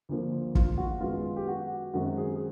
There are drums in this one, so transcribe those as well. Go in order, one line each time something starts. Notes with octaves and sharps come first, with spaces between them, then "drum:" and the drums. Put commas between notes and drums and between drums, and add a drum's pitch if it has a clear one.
D2 D3 F3 A#3
F4, drum: kick
F#4
F#2 D#3 G#3 B3 F4
G4
F#4
F#2 D#3 G#3 C4 F#4
G#4
G#4